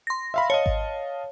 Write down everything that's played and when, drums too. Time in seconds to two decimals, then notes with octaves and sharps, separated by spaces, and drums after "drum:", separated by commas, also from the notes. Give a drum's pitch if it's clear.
0.07 C6 A#6
0.34 E5 F5 B5
0.50 C#5 D#5 F5 A5
0.66 drum: kick G#1